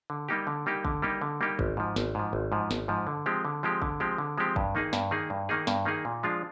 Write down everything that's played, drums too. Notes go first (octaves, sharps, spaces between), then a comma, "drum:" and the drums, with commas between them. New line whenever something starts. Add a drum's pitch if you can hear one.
D3
G3 A#3 D#4 G4
D3
G3 A#3 D#4 G4
D3, drum: kick
G3 A#3 D#4 G4
D3
G3 A#3 D#4 G4
G#1, drum: kick
G#2 F3
G#1, drum: snare
G#2 F3
G#1
G#2 F3
G#1, drum: snare
G#2 F3
D3
F3 G#3 C4 G4
D3
F3 G#3 C4 G4
D3, drum: kick
F3 G#3 C4 G4
D3
F3 G#3 C4 G4
G2, drum: kick
D#3 A#3 D#4 G#4
G2, drum: snare
D#3 A#3 D#4 G#4
G2
D#3 A#3 D#4 G#4
G2, drum: snare
D#3 A#3 D#4 G#4
A#2
F3 G#3 D4 F4